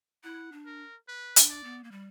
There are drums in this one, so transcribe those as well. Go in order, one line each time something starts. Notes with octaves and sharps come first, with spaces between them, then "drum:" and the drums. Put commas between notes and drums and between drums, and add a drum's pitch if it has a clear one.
E4 F#5
D4
A#4
B4
D4, drum: hi-hat
D5
B3
A#3
G3